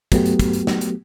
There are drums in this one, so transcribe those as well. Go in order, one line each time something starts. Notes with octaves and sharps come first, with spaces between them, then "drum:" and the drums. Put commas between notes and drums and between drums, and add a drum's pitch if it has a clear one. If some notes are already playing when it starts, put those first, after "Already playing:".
F#3 A3 B3 F#4 G4, drum: kick, hi-hat
drum: hi-hat
drum: kick, hi-hat
drum: hi-hat
drum: snare
drum: hi-hat